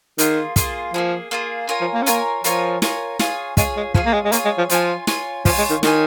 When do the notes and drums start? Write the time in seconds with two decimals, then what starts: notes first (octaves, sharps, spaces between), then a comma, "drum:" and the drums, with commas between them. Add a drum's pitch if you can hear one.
0.18 D#3 A#3 F4 G#4, drum: hi-hat
0.56 A#3 F4 G#4, drum: kick, hi-hat
0.93 F3 A#3 F4 G#4
1.31 A#3 F4 G#4
1.69 F4 A#4 C#5 G#5
1.81 F3
1.94 A#3
2.02 C#4
2.06 A#3 F4 A#4 C#5 G#5, drum: hi-hat
2.44 F3 F4 A#4 C#5 G#5, drum: hi-hat
2.82 F4 A#4 C#5 G#5, drum: snare
3.19 F4 G#4 C#5 G#5, drum: snare
3.57 G#3 F4 G#4 C#5 G#5, drum: kick, hi-hat
3.77 G#3
3.94 F3 F4 G#4 C#5 G#5, drum: kick
4.05 A#3
4.13 G#3
4.25 G#3
4.32 A#3 F4 G#4 C#5 G#5, drum: hi-hat
4.45 G#3
4.58 F3
4.70 F3 F4 C#5 G#5, drum: hi-hat
5.07 F4 C#5 G#5, drum: snare
5.45 F3 F4 C#5 G#5, drum: kick, open hi-hat
5.58 G#3
5.70 D#3
5.83 D#3 F4 C#5 G#5, drum: snare